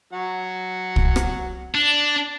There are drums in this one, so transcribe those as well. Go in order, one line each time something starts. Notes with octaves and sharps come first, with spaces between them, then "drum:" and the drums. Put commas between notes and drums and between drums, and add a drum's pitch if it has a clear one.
F#3 F#5
drum: kick
drum: rim click
D4